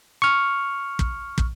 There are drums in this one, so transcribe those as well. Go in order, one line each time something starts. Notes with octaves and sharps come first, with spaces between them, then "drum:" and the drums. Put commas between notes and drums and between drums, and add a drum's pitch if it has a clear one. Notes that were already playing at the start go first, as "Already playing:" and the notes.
C#6 F6
drum: kick
drum: kick